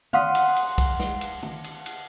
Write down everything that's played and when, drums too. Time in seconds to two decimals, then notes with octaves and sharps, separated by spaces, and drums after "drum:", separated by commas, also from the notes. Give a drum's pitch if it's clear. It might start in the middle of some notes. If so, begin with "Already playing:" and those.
0.13 F5 F#5 C6 D#6 B6, drum: tom D#3
0.35 drum: cymbal
0.56 drum: cymbal
0.78 drum: kick, cymbal
1.00 drum: snare
1.21 drum: cymbal
1.43 drum: tom D#3
1.64 drum: cymbal
1.86 drum: cymbal